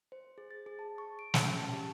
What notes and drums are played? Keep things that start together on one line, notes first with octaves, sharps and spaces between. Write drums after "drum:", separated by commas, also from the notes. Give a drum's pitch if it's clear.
C5
G#4
A6
G#4
A5
C#6
D7
G#5, drum: snare
C#4
A5
G4